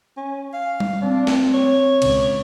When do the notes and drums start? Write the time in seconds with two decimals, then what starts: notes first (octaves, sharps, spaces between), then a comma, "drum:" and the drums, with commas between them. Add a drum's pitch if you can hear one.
0.17 C#4
0.54 F5
0.80 drum: tom G3
1.02 C4 D4
1.27 drum: snare
1.54 C#5
2.02 C#2, drum: cymbal